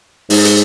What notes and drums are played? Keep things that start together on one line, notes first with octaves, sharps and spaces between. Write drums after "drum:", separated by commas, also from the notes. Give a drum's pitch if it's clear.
G#2, drum: open hi-hat
drum: hi-hat